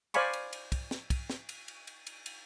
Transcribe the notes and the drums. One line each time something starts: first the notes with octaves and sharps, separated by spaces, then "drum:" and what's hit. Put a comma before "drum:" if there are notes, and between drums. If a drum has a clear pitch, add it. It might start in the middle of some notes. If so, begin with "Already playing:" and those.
C5 D5 F5 G#5 B5 C#6, drum: cymbal
drum: cymbal
drum: cymbal
drum: kick, cymbal
drum: snare
drum: kick, cymbal
drum: snare
drum: cymbal
drum: cymbal
drum: cymbal
drum: cymbal
drum: cymbal